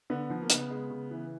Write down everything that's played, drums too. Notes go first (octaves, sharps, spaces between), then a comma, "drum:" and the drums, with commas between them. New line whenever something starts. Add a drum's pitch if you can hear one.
D3 B3
F3
A#3
C#3 B3, drum: hi-hat
G#3
C#3
E3